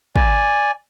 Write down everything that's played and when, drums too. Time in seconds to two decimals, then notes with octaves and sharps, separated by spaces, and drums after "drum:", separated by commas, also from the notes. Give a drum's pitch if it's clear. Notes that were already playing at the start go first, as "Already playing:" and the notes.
0.16 D5 G#5, drum: kick